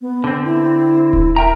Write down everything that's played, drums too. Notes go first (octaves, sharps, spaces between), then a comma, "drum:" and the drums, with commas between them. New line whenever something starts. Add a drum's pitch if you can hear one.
B3
D3 C4
E4
drum: kick D#1
A#4 E5 G5 A#5